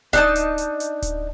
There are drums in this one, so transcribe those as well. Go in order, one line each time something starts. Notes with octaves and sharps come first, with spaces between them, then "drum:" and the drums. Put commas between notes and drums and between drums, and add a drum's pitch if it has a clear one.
D4 D#4 A5, drum: kick D1, hi-hat
drum: hi-hat
drum: hi-hat
drum: hi-hat
drum: kick D1, hi-hat